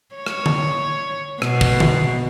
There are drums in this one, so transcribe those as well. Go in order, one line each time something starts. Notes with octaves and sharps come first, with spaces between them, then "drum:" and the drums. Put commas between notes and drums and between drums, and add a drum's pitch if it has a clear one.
C#5
drum: rim click
drum: tom D3
B2, drum: rim click
drum: kick
drum: tom D3